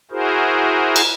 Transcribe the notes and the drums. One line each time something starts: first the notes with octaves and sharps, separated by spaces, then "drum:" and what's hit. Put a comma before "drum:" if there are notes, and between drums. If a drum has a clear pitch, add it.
E4 F#4 G#4 A#4 C5
drum: cymbal